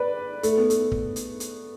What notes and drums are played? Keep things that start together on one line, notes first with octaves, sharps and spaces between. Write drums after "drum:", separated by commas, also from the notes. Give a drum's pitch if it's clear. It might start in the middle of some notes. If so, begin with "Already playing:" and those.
Already playing: B4 D5
A3, drum: hi-hat
B3
A3, drum: hi-hat
drum: kick
drum: hi-hat
drum: hi-hat